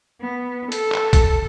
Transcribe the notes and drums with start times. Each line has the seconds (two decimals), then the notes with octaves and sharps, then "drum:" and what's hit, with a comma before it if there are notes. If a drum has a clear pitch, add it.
0.21 B3
0.72 A4, drum: hi-hat
0.92 drum: clap
1.13 drum: kick, hi-hat